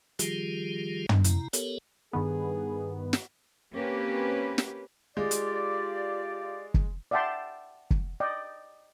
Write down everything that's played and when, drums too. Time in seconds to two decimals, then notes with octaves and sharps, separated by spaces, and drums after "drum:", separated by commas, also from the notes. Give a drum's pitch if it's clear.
0.19 D#3 F3 G3 F4 G4 G#4, drum: hi-hat
1.09 drum: tom
1.24 C3 E4 A#5, drum: hi-hat
1.53 B3 G4 A4 A#4 C#5, drum: hi-hat
2.13 G2 D#3 B3 G#4
3.13 drum: snare
3.73 A#3 C4 C#4 G4 B4
4.58 drum: snare
5.17 G#3 F4 G4 D5
5.31 drum: hi-hat
6.74 drum: kick
7.11 D5 E5 F#5 G5 A5 C6
7.91 drum: kick
8.20 D5 D#5 G5